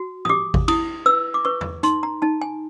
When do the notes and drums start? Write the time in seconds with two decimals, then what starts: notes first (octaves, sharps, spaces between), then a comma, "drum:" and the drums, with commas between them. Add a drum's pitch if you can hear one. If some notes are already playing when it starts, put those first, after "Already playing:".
Already playing: F#4
0.25 D#6, drum: tom G#2
0.29 G4 D6
0.54 drum: kick G#1
0.68 E4 D#6, drum: cymbal
1.06 B4 E6
1.34 D6
1.45 B4 C#6
1.61 drum: tom E2
1.83 D#4 C6, drum: hi-hat
2.03 A#5
2.22 D#4 A5
2.42 G#5